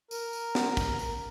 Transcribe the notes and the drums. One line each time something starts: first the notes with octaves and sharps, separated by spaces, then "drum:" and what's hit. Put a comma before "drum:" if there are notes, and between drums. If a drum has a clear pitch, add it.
A#4, drum: tambourine
drum: tambourine
drum: snare
drum: kick, tambourine
drum: tambourine